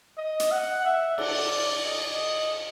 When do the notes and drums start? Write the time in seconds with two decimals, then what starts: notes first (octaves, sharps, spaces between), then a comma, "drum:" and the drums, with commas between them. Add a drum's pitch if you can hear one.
0.17 D#5
0.40 drum: hi-hat
0.51 F#5
0.85 E5
1.18 D5, drum: cymbal
1.86 D#5